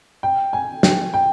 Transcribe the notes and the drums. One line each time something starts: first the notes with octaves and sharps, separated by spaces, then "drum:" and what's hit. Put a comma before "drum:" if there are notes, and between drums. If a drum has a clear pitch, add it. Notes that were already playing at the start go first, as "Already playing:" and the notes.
G5
G#5
G5, drum: snare
G5